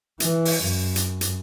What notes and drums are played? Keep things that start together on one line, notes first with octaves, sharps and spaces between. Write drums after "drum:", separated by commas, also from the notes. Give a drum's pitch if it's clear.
E3, drum: hi-hat
drum: open hi-hat
F#2
drum: hi-hat
drum: hi-hat